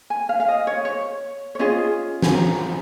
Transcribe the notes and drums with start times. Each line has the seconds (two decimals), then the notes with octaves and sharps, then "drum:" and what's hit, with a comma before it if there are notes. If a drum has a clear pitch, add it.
0.10 G#5
0.29 F5
0.40 F5
0.48 D#5
0.67 C#5
0.85 C#5
1.55 C#5
1.59 C#4 F4 G#4 D#5
2.22 G#5, drum: snare
2.34 A#5